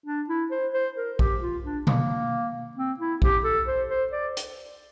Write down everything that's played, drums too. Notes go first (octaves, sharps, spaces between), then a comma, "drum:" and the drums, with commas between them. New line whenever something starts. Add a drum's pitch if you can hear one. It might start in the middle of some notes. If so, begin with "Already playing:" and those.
D4
E4
C5
C5
A#4
G4, drum: kick A#1
F4
D4
A#3, drum: tom B2
C4
E4
G4, drum: kick A#1
A4
C5
C5
D5
drum: hi-hat